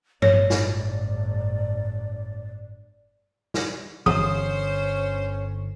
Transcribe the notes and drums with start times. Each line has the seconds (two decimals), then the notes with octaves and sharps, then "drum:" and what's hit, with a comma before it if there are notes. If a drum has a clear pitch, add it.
0.22 G1 A2 C#5 D5, drum: tom G2
0.50 drum: snare
3.54 drum: snare
4.06 G1 D3 C#4 C5 D#6, drum: tom E3